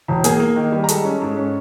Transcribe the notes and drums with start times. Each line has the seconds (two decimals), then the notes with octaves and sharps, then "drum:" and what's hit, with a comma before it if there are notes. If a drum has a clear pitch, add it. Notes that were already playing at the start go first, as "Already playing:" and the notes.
0.08 E1
0.24 A#3 G#4 G#5, drum: hi-hat
0.40 A#3
0.56 D#3
0.72 G3
0.84 A#5
0.89 G#3 A4 A5, drum: hi-hat
1.05 C#4
1.22 G#2
1.37 C#4